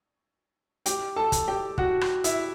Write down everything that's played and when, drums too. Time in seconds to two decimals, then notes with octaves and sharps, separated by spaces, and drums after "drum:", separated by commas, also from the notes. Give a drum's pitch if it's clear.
0.86 G4 G5, drum: hi-hat
1.16 A4 A5
1.32 drum: kick, hi-hat
1.48 G4 G5
1.78 F#4 F#5, drum: kick
2.01 drum: rim click
2.24 E4 E5, drum: hi-hat